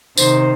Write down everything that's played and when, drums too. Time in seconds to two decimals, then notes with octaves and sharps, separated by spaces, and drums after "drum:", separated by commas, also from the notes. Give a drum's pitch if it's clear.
0.18 C3 D#3 C5, drum: tambourine